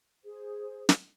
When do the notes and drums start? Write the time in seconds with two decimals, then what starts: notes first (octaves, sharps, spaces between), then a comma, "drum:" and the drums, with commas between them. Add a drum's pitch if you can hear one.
0.24 G#4 C5
0.89 drum: snare